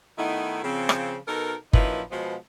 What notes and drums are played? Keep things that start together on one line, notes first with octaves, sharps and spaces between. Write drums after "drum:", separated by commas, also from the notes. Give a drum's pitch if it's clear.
D#3 A3 B3 D#4 E4
C#3 F3 C4
drum: rim click
B2 D#4 A4 A#4
F#2 F3 A#3 D#4 E4 B4, drum: kick G1
B2 F3 G#3